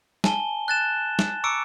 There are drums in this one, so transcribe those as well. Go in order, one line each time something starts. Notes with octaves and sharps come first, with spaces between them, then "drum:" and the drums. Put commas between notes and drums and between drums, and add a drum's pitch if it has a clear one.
G#5 A5 G7, drum: snare
F#6 A6 E7
drum: snare
A#5 C#6 D6 E6 C#7 D7